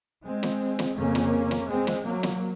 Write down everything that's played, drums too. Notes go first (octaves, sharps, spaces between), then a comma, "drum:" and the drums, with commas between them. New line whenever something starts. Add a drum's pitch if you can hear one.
G#3 C4
drum: snare
drum: snare
F2 C#3 A#3 C#4
drum: snare
drum: snare
G#3 C4
drum: snare
F#3 A#3
drum: snare